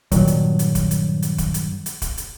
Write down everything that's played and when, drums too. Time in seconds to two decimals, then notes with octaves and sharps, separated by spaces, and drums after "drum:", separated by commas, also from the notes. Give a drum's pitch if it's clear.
0.12 G2 A#2 D#3 F#3, drum: kick, hi-hat
0.27 drum: hi-hat
0.59 drum: hi-hat
0.75 drum: kick, hi-hat
0.91 drum: hi-hat
1.22 drum: hi-hat
1.38 drum: kick, hi-hat
1.54 drum: hi-hat
1.86 drum: hi-hat
2.02 drum: kick, hi-hat
2.17 drum: hi-hat